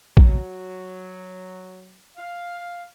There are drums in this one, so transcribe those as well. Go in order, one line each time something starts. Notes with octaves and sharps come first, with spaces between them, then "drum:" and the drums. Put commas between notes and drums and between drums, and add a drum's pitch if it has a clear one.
F#3, drum: kick A#1
F5